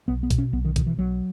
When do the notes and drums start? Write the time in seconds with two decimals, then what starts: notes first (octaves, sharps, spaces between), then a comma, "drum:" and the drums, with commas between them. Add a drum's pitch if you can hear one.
0.08 B1 B3
0.23 B3
0.30 B2, drum: kick A#1, hi-hat
0.38 C#4
0.53 B1 B3
0.65 D#3
0.76 B2 D#3, drum: kick A#1, hi-hat
0.86 E3
0.97 B1 F#3